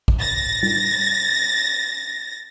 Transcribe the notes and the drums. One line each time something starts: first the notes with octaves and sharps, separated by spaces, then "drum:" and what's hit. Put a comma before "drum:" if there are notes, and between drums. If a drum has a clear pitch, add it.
drum: kick
A6 A#6
drum: tom G3